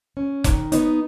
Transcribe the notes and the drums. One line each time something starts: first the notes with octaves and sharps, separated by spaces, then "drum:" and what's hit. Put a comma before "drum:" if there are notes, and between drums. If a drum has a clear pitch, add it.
C#4
D#3, drum: kick F1, hi-hat
B3 D#4, drum: hi-hat